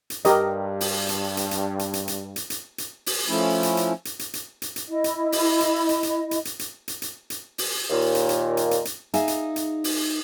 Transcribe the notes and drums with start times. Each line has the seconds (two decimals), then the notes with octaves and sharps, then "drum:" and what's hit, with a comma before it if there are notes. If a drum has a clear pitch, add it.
0.10 drum: hi-hat
0.25 G2 G4 A#4 D#5, drum: hi-hat
0.81 drum: open hi-hat
1.09 drum: hi-hat
1.37 drum: hi-hat
1.51 drum: hi-hat
1.79 drum: hi-hat
1.93 drum: hi-hat
2.08 drum: hi-hat
2.36 drum: hi-hat
2.50 drum: hi-hat
2.78 drum: hi-hat
3.06 drum: open hi-hat
3.28 F3 A3 C#4 E4
3.63 drum: hi-hat
3.77 drum: hi-hat
4.05 drum: hi-hat
4.19 drum: hi-hat
4.33 drum: hi-hat
4.62 drum: hi-hat
4.76 drum: hi-hat
4.89 E4 D#5
5.04 drum: hi-hat
5.32 drum: open hi-hat
5.61 drum: hi-hat
5.89 drum: hi-hat
6.03 drum: hi-hat
6.31 drum: hi-hat
6.45 drum: hi-hat
6.59 drum: hi-hat
6.88 drum: hi-hat
7.02 drum: hi-hat
7.30 drum: hi-hat
7.58 drum: open hi-hat
7.90 D#2 A#2
8.15 drum: hi-hat
8.29 drum: hi-hat
8.57 drum: hi-hat
8.71 drum: hi-hat
8.85 drum: hi-hat
9.14 D#4 G#4 E5 F5 G#5, drum: hi-hat
9.28 drum: hi-hat
9.56 drum: hi-hat
9.84 drum: open hi-hat